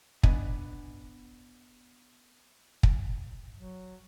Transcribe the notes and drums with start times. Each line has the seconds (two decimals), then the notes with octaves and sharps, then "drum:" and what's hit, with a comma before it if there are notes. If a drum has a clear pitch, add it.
0.23 B3 D4 D#5 G#5, drum: kick
2.83 drum: kick
3.57 F#3